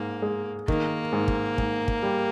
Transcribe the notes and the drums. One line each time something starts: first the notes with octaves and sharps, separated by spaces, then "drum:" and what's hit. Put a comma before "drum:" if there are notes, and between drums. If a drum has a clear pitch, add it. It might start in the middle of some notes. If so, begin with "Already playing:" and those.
Already playing: G#2 A#3
G#3
D#3 A#3, drum: kick
G#2
drum: kick
G#2, drum: kick
drum: kick
G3